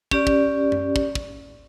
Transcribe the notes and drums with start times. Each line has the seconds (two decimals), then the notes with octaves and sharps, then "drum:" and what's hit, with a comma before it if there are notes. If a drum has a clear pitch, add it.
0.11 C#4 G4 D5, drum: kick
0.27 drum: kick
0.72 drum: tom F#2
0.96 drum: kick
1.15 drum: kick